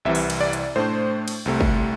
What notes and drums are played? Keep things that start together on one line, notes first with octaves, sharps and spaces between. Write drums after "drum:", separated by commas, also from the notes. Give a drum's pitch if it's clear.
C2 C3 E3 E5
drum: open hi-hat
drum: cymbal
D5
drum: hi-hat
A2 A3 D4 C5
drum: cymbal
C2 C3 A3
drum: kick